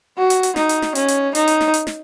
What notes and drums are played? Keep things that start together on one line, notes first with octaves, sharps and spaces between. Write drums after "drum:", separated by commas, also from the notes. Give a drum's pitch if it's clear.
F#4
drum: hi-hat
drum: hi-hat
D#4, drum: snare
drum: hi-hat
drum: snare
C#4, drum: hi-hat
drum: hi-hat
D#4, drum: hi-hat
drum: hi-hat
drum: snare
drum: hi-hat
drum: snare